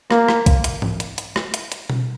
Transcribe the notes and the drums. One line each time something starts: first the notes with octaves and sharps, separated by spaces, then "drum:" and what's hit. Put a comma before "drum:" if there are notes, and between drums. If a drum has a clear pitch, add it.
A#3, drum: rim click
drum: rim click
drum: kick, hi-hat
drum: hi-hat
drum: tom G#2
drum: hi-hat
drum: hi-hat
drum: rim click
drum: hi-hat
drum: hi-hat
drum: tom B2